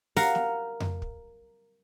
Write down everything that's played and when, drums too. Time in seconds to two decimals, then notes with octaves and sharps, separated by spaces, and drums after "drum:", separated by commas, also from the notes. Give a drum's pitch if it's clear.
0.16 A#4 F5 F#5, drum: open hi-hat
0.35 drum: snare
0.80 drum: tom F2
1.02 drum: kick